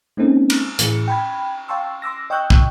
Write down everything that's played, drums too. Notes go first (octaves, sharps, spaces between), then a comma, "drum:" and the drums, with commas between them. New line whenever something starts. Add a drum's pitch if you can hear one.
G#3 A#3 C4 C#4 D#4 A4
drum: cymbal
A2 E3 G#4 C#7, drum: hi-hat
G5 B5 G#6
F5 G5 A5 C6 C#6 E6
C6 D6 E6 A#6
D#5 G5 C#6 E6 F#6 G6
drum: kick